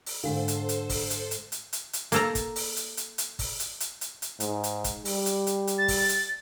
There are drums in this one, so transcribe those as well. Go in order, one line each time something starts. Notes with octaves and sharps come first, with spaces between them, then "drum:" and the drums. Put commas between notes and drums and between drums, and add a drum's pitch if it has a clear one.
drum: open hi-hat
G#2 D3 G#3 A4 C5 F5
drum: hi-hat
drum: hi-hat
drum: kick, open hi-hat
drum: hi-hat
drum: hi-hat
drum: hi-hat
drum: hi-hat
drum: hi-hat
A#3 A4 A#5, drum: hi-hat
drum: kick, hi-hat
drum: open hi-hat
drum: hi-hat
drum: hi-hat
drum: hi-hat
drum: kick, open hi-hat
drum: hi-hat
drum: hi-hat
drum: hi-hat
drum: hi-hat
G#2, drum: hi-hat
drum: hi-hat
drum: kick, hi-hat
G3, drum: open hi-hat
drum: hi-hat
drum: hi-hat
drum: hi-hat
A6
drum: kick, open hi-hat
drum: hi-hat